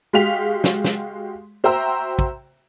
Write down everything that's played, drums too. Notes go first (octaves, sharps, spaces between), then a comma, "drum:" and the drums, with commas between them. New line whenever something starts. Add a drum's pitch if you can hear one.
G#3 F#4 G4 F5 B6 F7
drum: snare
drum: snare
F#4 C5 E5 G5 A#5 E6
drum: kick